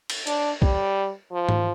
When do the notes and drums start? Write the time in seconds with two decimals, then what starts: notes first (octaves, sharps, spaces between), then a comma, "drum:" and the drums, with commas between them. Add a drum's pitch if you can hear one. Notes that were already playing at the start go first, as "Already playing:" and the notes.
0.10 drum: cymbal
0.27 D4, drum: hi-hat
0.62 G3, drum: kick
1.32 F3
1.49 drum: tom G#2